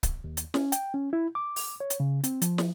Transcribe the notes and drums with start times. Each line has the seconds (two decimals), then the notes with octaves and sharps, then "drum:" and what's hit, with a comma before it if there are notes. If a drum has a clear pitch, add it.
0.03 drum: kick C#1, hi-hat
0.24 D#2
0.37 drum: hi-hat
0.54 C#4, drum: snare
0.72 G5, drum: hi-hat
0.94 C#4
1.13 E4
1.35 D6
1.56 drum: open hi-hat
1.80 C#5
1.90 drum: hi-hat
2.00 C#3
2.24 C4, drum: hi-hat
2.42 F3, drum: hi-hat
2.58 drum: snare